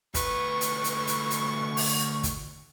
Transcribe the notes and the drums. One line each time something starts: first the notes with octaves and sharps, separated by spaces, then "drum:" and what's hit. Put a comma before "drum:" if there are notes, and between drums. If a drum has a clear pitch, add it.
D2 B4 C#6, drum: kick, hi-hat
drum: hi-hat
drum: hi-hat
drum: hi-hat
drum: hi-hat
drum: open hi-hat
drum: kick, hi-hat